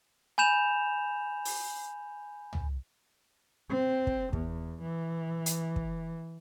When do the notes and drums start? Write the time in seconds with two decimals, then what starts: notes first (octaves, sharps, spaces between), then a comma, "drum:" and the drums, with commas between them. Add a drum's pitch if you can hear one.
0.38 G#5 B5 G6 E7 F7
1.45 drum: open hi-hat
2.53 drum: tom
3.70 C4
4.07 drum: kick
4.33 E2, drum: kick
4.82 E3
5.46 drum: hi-hat
5.76 drum: kick